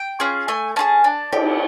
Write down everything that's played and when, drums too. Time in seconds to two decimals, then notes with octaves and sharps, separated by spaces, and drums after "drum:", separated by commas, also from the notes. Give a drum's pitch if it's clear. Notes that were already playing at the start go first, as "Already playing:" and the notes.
Already playing: G5
0.20 C#4 F4 G#4
0.48 A3 G#5
0.76 C#4 F4 G#4 A5
1.04 D4
1.32 G4, drum: cymbal